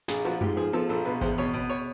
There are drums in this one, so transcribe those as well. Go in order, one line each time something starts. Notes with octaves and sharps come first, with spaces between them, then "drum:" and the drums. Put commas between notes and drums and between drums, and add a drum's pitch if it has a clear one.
A#1 G#4, drum: snare
F3 F#4
G#2 G4, drum: tom F#2
F3 G#4
F3 A4, drum: tom B3
A#1 A4
B2 B4
E2 C5, drum: kick G#1
B2 C#5
B2
C#5